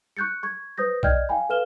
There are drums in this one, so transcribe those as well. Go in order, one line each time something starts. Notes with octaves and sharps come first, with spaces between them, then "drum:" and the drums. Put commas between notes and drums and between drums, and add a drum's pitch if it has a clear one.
C#6 F#6 G6 A6 C#7
C#6 G#6
B4 C5 D#6 G6 A#6
D5 D#5 G5 F6 G6 G#6, drum: kick B1
F5 G5 G#5 B5
A4 B4 F5 F6 E7 G7